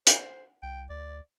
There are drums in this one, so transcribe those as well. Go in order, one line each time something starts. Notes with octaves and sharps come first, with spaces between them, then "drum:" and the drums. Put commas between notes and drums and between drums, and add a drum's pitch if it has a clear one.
C5 F#5 G6 C#7, drum: hi-hat
C2 G5
D2 D5